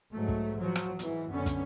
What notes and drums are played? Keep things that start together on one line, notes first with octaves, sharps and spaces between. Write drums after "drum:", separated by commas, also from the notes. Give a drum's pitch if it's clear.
G#2 F#3 A3
drum: kick
F3 F#3
drum: rim click
G#2 E3, drum: hi-hat
F#2 D3 B3 C#4
drum: kick, hi-hat